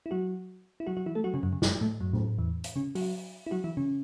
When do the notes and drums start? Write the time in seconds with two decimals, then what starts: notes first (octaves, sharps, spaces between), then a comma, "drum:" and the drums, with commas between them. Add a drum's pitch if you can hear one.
0.06 E4
0.11 F#3 F#4
0.80 E4
0.87 F#3 F#4
0.97 F#3 F#4
1.06 E3 E4
1.15 A3 A4
1.24 F#3 F#4
1.34 C#3 C#4
1.43 F#2 F#3
1.53 C#3
1.62 F#2 F#3, drum: snare
1.81 A2 A3
2.00 F#2 F#3
2.13 drum: tom A2
2.38 E2 E3
2.64 drum: hi-hat
2.76 C#3 C#4
2.95 F#3 F#4, drum: open hi-hat
3.47 E4
3.51 F#3 F#4
3.64 E3 E4
3.77 C#3 C#4